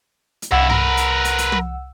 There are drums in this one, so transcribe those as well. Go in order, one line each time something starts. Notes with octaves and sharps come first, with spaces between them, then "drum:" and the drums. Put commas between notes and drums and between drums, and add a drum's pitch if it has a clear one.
drum: hi-hat
C2 G2 E4 F#5 E6
A#4 B4, drum: tom G2
drum: hi-hat
drum: hi-hat
drum: hi-hat
drum: tom